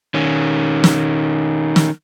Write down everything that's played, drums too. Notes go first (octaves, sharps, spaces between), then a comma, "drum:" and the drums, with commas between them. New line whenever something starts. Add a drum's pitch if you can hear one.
D#3 C#4
drum: snare
drum: snare